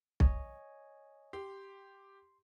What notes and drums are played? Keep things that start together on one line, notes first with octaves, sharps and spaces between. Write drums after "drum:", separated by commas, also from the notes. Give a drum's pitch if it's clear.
C#5 D#5 G#5, drum: kick B1
G4 C6